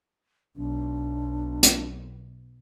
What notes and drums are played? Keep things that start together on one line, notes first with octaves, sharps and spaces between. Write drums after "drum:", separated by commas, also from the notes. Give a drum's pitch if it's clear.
B1 D4
drum: hi-hat